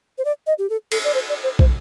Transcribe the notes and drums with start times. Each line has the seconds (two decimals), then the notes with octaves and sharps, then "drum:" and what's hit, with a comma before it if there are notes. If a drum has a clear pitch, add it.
0.18 C5
0.25 D5
0.47 D#5
0.59 G4
0.70 A4
0.92 A4, drum: cymbal
1.04 D5
1.14 C5
1.29 D5
1.43 C5
1.59 C5, drum: kick